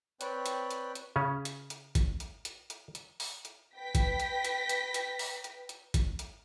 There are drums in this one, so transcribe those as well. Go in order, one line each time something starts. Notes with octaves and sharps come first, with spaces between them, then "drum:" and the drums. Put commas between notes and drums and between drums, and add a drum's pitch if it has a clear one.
C4 B4 C#5 D5 G5 F#6, drum: hi-hat
drum: hi-hat
drum: hi-hat
drum: hi-hat
C#3 C#4
drum: hi-hat
drum: hi-hat
drum: kick G1, hi-hat
drum: hi-hat
drum: hi-hat
drum: hi-hat
drum: hi-hat
drum: open hi-hat
drum: hi-hat
B4 G5 A#6 B6
drum: kick G1, hi-hat
drum: hi-hat
drum: hi-hat
drum: hi-hat
drum: hi-hat
drum: open hi-hat
drum: hi-hat
drum: hi-hat
drum: kick G1, hi-hat
drum: hi-hat